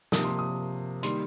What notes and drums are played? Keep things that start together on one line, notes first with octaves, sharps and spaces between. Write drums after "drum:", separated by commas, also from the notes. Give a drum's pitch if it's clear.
C3 F3 A#3 D#6, drum: snare
C6
D#6
D#3 G3 A#3 C6, drum: hi-hat